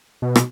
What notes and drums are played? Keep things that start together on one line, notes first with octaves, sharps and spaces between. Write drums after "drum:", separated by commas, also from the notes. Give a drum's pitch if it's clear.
B2
drum: rim click